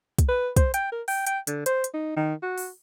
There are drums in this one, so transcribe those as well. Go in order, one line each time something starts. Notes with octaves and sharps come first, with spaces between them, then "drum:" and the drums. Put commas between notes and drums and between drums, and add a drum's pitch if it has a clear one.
drum: kick, hi-hat
B4
C5, drum: kick, hi-hat
G5, drum: hi-hat
A#4
G5, drum: open hi-hat
G5, drum: hi-hat
D3, drum: hi-hat
C5, drum: hi-hat
drum: hi-hat
D#4
D#3
F#4
drum: open hi-hat